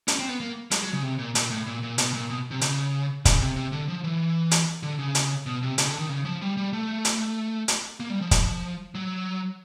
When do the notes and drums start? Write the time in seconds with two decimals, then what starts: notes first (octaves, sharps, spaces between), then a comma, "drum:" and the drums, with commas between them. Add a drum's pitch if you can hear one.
0.08 C#4, drum: hi-hat
0.19 C4
0.29 B3
0.40 A#3
0.71 G#3, drum: hi-hat
0.82 F#3
0.93 C#3
1.03 C3
1.19 A#2
1.35 A#2, drum: hi-hat
1.50 A2
1.67 A#2
1.83 A#2
1.98 B2, drum: hi-hat
2.14 A#2
2.30 B2
2.51 C3
2.61 C#3, drum: hi-hat
3.25 C#3, drum: kick, hi-hat
3.41 C3
3.56 C3
3.72 D3
3.88 F3
4.04 E3
4.51 drum: hi-hat
4.83 D3
4.99 C#3
5.15 drum: hi-hat
5.46 B2
5.62 C3
5.78 C#3, drum: hi-hat
5.89 D3
5.99 D#3
6.09 C#3
6.25 F3
6.42 G3
6.57 G3
6.73 A3
7.05 drum: hi-hat
7.68 drum: hi-hat
8.00 A#3
8.10 G3
8.21 F3
8.31 drum: kick, hi-hat
8.95 F#3